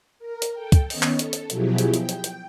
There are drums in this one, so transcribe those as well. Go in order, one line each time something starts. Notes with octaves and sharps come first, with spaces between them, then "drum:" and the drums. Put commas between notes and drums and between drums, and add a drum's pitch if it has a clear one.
A#4
drum: hi-hat
A4 G5
drum: kick, hi-hat
D#3 B3 C#4 C#5 D#5, drum: open hi-hat
drum: clap
A4, drum: hi-hat
drum: hi-hat
B2 F3 F#3 E4 G4 G#4, drum: hi-hat
drum: hi-hat
G5, drum: hi-hat
drum: hi-hat
drum: hi-hat